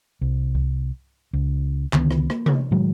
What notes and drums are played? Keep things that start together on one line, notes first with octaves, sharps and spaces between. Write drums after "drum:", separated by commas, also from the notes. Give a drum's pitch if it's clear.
C2
drum: kick C2
C#2
C#2 D3 D#3 B3, drum: clap
drum: rim click
A#3, drum: rim click
drum: tom C3
A2 D#3 F#3 G#3